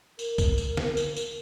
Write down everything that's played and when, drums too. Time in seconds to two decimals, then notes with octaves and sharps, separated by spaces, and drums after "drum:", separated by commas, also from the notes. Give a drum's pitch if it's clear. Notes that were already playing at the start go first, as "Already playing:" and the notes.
0.19 A#4, drum: tambourine
0.38 drum: kick B1, tambourine
0.58 drum: tambourine
0.77 drum: snare
0.97 drum: tambourine
1.16 drum: tambourine